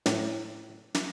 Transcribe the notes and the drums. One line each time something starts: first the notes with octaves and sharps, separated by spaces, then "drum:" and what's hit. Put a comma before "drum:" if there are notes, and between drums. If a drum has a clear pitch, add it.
A2, drum: snare
drum: snare